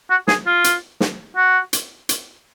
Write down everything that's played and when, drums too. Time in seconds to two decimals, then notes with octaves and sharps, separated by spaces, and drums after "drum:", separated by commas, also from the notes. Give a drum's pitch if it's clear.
0.10 F#4
0.28 G#4, drum: snare
0.46 F4
0.64 drum: hi-hat
1.00 drum: snare
1.36 F#4
1.73 drum: hi-hat
2.09 drum: hi-hat